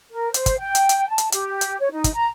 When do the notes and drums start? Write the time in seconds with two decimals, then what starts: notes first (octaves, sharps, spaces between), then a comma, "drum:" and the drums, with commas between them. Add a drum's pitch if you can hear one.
0.11 A#4
0.34 C5, drum: hi-hat
0.46 drum: kick, hi-hat
0.59 G5
0.75 drum: hi-hat
0.89 drum: hi-hat
1.09 A5
1.18 drum: hi-hat
1.32 G4, drum: hi-hat
1.61 drum: hi-hat
1.80 C#5
1.92 D#4
2.04 drum: kick, hi-hat
2.14 A#5